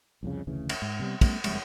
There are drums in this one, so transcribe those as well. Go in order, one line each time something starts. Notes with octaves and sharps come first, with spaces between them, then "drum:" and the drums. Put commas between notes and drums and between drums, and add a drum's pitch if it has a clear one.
C2 F2 C#3
F1 D2 C#3 E3
drum: cymbal
G#2
C3 G3 B3
G3 A3 B3 C#4, drum: kick, cymbal
F#1 F2 G3 G#3, drum: cymbal